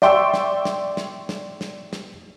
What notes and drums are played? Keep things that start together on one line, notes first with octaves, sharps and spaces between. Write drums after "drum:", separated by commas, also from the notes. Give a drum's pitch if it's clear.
D5 E5 G5 C6 C#6 E6, drum: snare
drum: snare
drum: snare
drum: snare
drum: snare
drum: snare
drum: snare